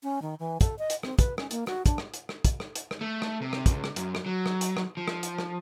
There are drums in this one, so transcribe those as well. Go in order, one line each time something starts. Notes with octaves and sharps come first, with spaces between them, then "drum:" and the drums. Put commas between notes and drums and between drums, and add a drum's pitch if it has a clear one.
C#4
D#3
E3
A4, drum: kick, hi-hat
D#5
drum: hi-hat
C4, drum: rim click
B4, drum: kick, hi-hat
C#4, drum: rim click
A#3, drum: hi-hat
F#4, drum: rim click
D4, drum: kick, hi-hat
drum: rim click
drum: hi-hat
drum: rim click
drum: kick, hi-hat
drum: rim click
drum: hi-hat
drum: rim click
A3
drum: rim click
C3
drum: rim click
C#2, drum: kick, hi-hat
drum: rim click
F#2, drum: hi-hat
drum: rim click
F#3
drum: rim click
drum: hi-hat
drum: rim click
F3
drum: rim click
drum: hi-hat
drum: rim click